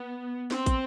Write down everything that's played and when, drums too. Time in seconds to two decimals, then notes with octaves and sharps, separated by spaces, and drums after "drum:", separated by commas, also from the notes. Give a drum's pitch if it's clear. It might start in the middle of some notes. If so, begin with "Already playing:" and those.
Already playing: B3
0.51 C4, drum: snare
0.66 drum: kick, hi-hat